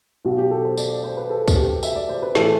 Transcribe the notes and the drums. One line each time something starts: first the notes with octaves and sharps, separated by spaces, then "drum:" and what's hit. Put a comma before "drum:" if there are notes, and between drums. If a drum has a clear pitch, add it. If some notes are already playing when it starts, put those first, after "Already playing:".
B1 B2 F#4
G4
A4
C5
D5, drum: tambourine
D5
C5
B4
A4
drum: kick C2, tambourine
G4
E5, drum: tambourine
D5
C5
B4
A2 E3 A4, drum: snare